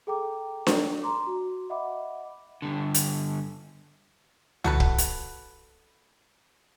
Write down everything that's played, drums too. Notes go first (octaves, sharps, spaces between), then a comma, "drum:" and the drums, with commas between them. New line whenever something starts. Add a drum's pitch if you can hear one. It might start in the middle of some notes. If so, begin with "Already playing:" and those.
G#4 A4 G5 A#5 D6
drum: snare D4
A#5 C6 D6
F#4
D#5 E5 F#5 B5 D6
G2 D3
drum: hi-hat
F#4 A4 B4, drum: tom
drum: kick
drum: hi-hat